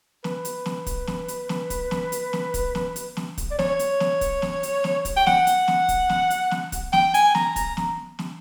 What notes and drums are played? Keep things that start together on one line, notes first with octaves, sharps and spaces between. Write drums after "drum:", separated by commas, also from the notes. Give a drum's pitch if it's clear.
B4, drum: snare
drum: hi-hat
drum: snare
drum: kick, hi-hat
drum: snare
drum: hi-hat
drum: snare
drum: kick, hi-hat
drum: snare
drum: hi-hat
drum: snare
drum: kick, hi-hat
drum: snare
drum: hi-hat
drum: snare
drum: kick, hi-hat
D5
C#5, drum: snare
drum: hi-hat
drum: snare
drum: kick, hi-hat
drum: snare
drum: hi-hat
drum: snare
drum: kick, hi-hat
G5
F#5, drum: snare
drum: hi-hat
drum: snare
drum: kick, hi-hat
drum: snare
drum: hi-hat
drum: snare
drum: kick, hi-hat
G5, drum: snare
G#5, drum: hi-hat
A#5, drum: snare
A#5, drum: kick, hi-hat
drum: snare
drum: snare